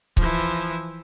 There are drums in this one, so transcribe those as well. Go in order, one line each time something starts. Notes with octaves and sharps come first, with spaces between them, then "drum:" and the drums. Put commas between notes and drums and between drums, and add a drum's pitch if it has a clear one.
E3 F3, drum: kick C#1